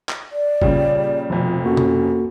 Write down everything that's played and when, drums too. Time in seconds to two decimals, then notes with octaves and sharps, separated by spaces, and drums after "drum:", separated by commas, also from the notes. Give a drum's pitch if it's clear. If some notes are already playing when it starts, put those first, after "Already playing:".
0.09 drum: clap
0.32 D5
0.62 A#2 C#3 G3, drum: kick
1.30 F1 F2 B2 F3
1.64 A#3 C#4 F#4 A4
1.77 drum: tom B2